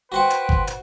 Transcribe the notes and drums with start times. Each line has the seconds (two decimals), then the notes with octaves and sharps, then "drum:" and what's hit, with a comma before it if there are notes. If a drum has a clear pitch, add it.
0.12 F#4 B4 C5 F#5 G5 C6
0.30 drum: hi-hat
0.49 drum: kick G1
0.67 drum: hi-hat